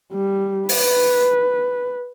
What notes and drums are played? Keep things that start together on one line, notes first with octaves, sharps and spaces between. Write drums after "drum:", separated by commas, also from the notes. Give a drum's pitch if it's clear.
G3
B4, drum: open hi-hat